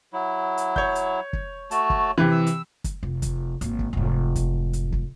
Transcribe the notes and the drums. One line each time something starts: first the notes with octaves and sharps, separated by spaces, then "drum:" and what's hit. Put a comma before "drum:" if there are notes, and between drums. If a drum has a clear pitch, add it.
F#3 E4
drum: hi-hat
C#5 G6, drum: kick
drum: hi-hat
drum: kick
A3 F#4 A5, drum: hi-hat
drum: kick
C3 E3
E6
drum: hi-hat
drum: kick, hi-hat
F1
drum: kick, hi-hat
G#1 A#3, drum: hi-hat
drum: kick
F1 G#2
drum: kick, hi-hat
drum: hi-hat
drum: kick